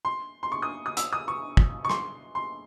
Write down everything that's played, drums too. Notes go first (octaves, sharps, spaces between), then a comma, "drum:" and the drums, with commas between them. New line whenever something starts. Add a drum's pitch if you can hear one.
C6
C6
C#6
D#6
D#6
E6, drum: hi-hat
D#6
C#6
drum: kick
C#6
C6, drum: rim click
C6